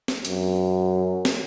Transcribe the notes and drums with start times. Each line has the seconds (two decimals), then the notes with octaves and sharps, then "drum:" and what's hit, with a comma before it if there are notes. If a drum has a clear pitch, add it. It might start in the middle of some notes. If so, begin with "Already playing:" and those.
0.08 drum: snare
0.25 F#2, drum: hi-hat
1.25 drum: snare